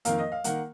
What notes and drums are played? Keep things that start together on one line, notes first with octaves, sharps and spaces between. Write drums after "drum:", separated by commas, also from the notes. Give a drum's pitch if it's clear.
F2 D#3 A#3 F5, drum: hi-hat
D#5
F5
D#3 A#3 F#5, drum: hi-hat